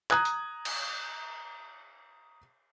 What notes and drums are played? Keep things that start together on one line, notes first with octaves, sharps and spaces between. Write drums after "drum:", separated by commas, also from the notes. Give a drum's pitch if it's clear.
A#5 D#6 F#6 G#6, drum: clap
drum: hi-hat
drum: cymbal